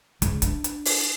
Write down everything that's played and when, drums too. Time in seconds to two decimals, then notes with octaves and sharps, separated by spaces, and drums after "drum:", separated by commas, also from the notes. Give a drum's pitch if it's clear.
0.22 C#2, drum: hi-hat
0.42 D4, drum: hi-hat
0.64 drum: hi-hat
0.85 drum: open hi-hat